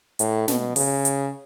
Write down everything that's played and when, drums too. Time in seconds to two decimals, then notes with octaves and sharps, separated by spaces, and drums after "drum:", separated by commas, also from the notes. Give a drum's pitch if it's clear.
0.19 A2, drum: hi-hat
0.48 B2, drum: snare
0.76 C#3, drum: open hi-hat
1.05 drum: hi-hat